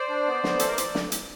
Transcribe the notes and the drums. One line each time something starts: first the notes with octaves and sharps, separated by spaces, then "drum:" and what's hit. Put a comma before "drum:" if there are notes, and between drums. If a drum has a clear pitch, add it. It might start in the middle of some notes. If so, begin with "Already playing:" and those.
Already playing: C5 D5
D4
B3
B3, drum: snare
E3 A4, drum: hi-hat
A#4
drum: hi-hat
drum: snare
drum: hi-hat